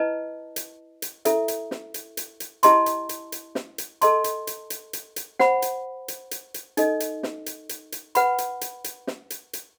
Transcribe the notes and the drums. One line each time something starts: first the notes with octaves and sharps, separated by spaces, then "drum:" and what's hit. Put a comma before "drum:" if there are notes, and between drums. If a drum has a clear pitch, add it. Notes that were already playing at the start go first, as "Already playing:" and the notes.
Already playing: E4 B4 D#5 A5
drum: hi-hat
drum: hi-hat
E4 A4 E5, drum: hi-hat
drum: hi-hat
drum: snare
drum: hi-hat
drum: hi-hat
drum: hi-hat
E4 G4 D#5 A5 C6, drum: hi-hat
drum: hi-hat
drum: hi-hat
drum: hi-hat
drum: snare
drum: hi-hat
A4 D#5 A5 C6, drum: hi-hat
drum: hi-hat
drum: hi-hat
drum: hi-hat
drum: hi-hat
drum: hi-hat
C5 F#5 B5, drum: snare
drum: hi-hat
drum: hi-hat
drum: hi-hat
drum: hi-hat
D#4 A4 D#5, drum: hi-hat
drum: hi-hat
drum: snare
drum: hi-hat
drum: hi-hat
drum: hi-hat
B4 F#5 B5, drum: hi-hat
drum: hi-hat
drum: hi-hat
drum: hi-hat
drum: snare
drum: hi-hat
drum: hi-hat